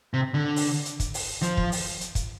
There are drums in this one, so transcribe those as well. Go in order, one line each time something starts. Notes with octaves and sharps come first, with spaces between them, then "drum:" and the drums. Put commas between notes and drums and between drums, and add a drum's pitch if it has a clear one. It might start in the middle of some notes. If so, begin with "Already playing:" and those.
C3
D3
drum: open hi-hat
drum: hi-hat
drum: kick, hi-hat
drum: open hi-hat
F3, drum: hi-hat
drum: kick
drum: open hi-hat
drum: hi-hat
drum: kick, hi-hat